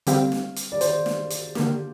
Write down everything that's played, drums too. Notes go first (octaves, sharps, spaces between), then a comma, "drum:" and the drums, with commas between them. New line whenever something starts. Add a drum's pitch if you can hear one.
D3 G3 C4 G4 F5, drum: hi-hat
drum: snare
drum: hi-hat
D5
C5, drum: hi-hat
drum: snare
drum: hi-hat
D3 A#3 G4, drum: snare